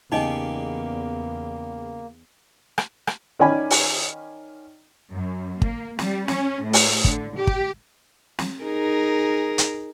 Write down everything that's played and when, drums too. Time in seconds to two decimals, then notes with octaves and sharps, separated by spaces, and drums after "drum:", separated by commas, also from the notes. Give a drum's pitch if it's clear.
0.12 E2 C#3 A#3 D#4 G4 G#4 D#5 G#5
2.78 drum: rim click
3.07 drum: rim click
3.39 D#3 C#4 D5 G#5 B5
3.71 drum: open hi-hat
5.13 F#2
5.62 A#3, drum: kick
5.99 G3, drum: snare
6.28 C#4, drum: snare
6.64 A2
6.73 drum: open hi-hat
7.05 D3, drum: kick
7.36 G4
7.47 drum: kick
8.39 drum: snare
8.64 D#4 G#4 A#4
9.58 drum: hi-hat